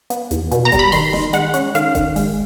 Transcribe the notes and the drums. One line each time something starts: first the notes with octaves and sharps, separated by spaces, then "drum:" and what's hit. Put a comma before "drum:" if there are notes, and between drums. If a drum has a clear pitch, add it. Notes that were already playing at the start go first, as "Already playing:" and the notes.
B3, drum: hi-hat
E2, drum: hi-hat
B2, drum: hi-hat
A#5
G3, drum: kick F1, hi-hat
B5
D#3 C6, drum: open hi-hat
D#3, drum: snare
G#3 F#5, drum: hi-hat
C#4, drum: hi-hat
D#3 F5, drum: hi-hat
D#3, drum: kick F1, hi-hat
G#3, drum: open hi-hat